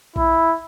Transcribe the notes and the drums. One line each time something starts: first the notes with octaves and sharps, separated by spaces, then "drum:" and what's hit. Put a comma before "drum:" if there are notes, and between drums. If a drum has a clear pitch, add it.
E4, drum: kick A#1